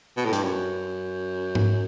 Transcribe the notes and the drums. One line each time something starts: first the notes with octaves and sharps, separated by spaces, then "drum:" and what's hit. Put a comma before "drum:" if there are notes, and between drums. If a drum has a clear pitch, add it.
B2
A2
G2, drum: hi-hat
F#2
drum: tom G#2